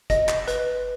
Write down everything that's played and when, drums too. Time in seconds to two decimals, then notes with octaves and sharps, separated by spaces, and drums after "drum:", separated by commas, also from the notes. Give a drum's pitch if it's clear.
0.10 D#5, drum: kick, hi-hat
0.29 drum: clap
0.48 B4, drum: hi-hat